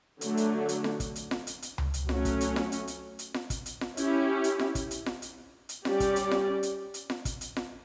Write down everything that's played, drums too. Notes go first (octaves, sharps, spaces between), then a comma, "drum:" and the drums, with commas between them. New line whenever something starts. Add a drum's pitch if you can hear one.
D3 F#3 A3 D4, drum: hi-hat
drum: hi-hat
drum: hi-hat
drum: snare F4
drum: kick, hi-hat
drum: hi-hat
drum: snare F4
drum: hi-hat
drum: hi-hat
drum: tom C#2
drum: hi-hat
F#3 A3 C#4, drum: snare F4
drum: kick, hi-hat
drum: hi-hat
drum: snare F4
drum: hi-hat
drum: hi-hat
drum: hi-hat
drum: snare F4
drum: kick, hi-hat
drum: hi-hat
drum: snare F4
C#4 E4 G4, drum: hi-hat
drum: hi-hat
drum: snare F4
drum: kick, hi-hat
drum: hi-hat
drum: snare F4
drum: hi-hat
drum: hi-hat
G3 C#4 G4 D5, drum: snare F4
drum: kick, hi-hat
drum: hi-hat
drum: snare F4
drum: hi-hat
drum: hi-hat
drum: snare F4
drum: kick, hi-hat
drum: hi-hat
drum: snare F4